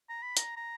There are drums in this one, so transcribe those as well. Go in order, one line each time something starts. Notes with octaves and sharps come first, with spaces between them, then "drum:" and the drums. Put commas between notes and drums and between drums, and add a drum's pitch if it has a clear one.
A#5
B5
A#5, drum: hi-hat
A#5